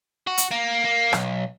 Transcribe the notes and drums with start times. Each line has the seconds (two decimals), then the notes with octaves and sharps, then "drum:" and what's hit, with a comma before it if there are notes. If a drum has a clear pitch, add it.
0.27 F#4
0.38 drum: hi-hat
0.51 A#3
0.85 A#3
1.13 B1, drum: rim click